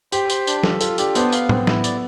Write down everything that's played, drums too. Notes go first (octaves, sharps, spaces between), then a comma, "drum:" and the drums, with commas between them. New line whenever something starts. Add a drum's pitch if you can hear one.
G4 C5, drum: tambourine
C5, drum: tambourine
D4, drum: tambourine
F4 A4, drum: snare
F4 A4, drum: tambourine
D4 G4, drum: tambourine
B3 C5, drum: tambourine
F5, drum: tambourine
C4, drum: tom A2
E4, drum: snare
D5, drum: tambourine